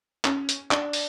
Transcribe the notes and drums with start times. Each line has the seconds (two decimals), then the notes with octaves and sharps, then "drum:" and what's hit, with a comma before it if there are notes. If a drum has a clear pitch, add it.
0.25 C#4, drum: clap
0.49 drum: hi-hat
0.71 D4, drum: clap
0.93 drum: open hi-hat